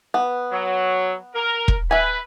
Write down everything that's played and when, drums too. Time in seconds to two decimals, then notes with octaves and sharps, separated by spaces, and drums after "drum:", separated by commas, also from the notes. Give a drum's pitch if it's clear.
0.14 B3
0.52 F#3
1.35 A#4
1.68 drum: kick E1
1.91 B4 E5 G#5